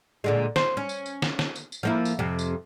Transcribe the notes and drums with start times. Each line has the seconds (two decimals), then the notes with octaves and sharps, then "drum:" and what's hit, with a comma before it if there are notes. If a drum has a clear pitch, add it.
0.24 A#2 D3 G#3
0.56 C5, drum: snare
0.77 C#4
0.89 drum: tambourine
1.06 drum: tambourine
1.22 drum: snare
1.39 drum: snare
1.56 drum: tambourine
1.72 drum: tambourine
1.83 F3 A#3 E4
2.05 drum: tambourine
2.19 F2 C3
2.39 drum: tambourine